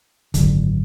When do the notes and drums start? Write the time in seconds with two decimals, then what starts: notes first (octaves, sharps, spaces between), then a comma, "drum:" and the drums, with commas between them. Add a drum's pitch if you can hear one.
0.34 G#1 F#2 D3, drum: kick, hi-hat